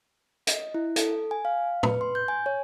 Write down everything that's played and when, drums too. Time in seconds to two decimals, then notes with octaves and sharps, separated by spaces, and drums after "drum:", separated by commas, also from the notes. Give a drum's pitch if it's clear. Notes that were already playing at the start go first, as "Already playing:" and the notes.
0.47 D#5, drum: hi-hat
0.74 E4
0.96 A4, drum: hi-hat
1.31 G#5
1.45 F5
1.83 B4, drum: tom
2.01 C6
2.15 G6
2.28 G#5
2.46 C#5